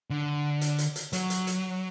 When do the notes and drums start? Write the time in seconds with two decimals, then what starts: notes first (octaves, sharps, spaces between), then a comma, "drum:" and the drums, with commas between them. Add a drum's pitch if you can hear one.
0.10 D3
0.61 drum: hi-hat
0.78 drum: hi-hat
0.96 drum: hi-hat
1.13 F#3, drum: hi-hat
1.30 drum: hi-hat
1.47 drum: hi-hat